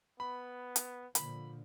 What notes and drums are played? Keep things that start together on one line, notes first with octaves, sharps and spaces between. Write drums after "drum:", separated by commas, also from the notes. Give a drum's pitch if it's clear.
B3 B5
drum: hi-hat
A#2 D3 F3 B5, drum: hi-hat